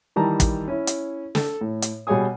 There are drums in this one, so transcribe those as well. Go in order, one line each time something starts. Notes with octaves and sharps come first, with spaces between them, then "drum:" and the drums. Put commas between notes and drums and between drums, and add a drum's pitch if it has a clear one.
D#3 E3 G3 A5 A#5
drum: kick, hi-hat
C#4 E4
drum: hi-hat
A4, drum: snare
A2
drum: hi-hat
B2 G3 G#4 C#5 G#5 D#6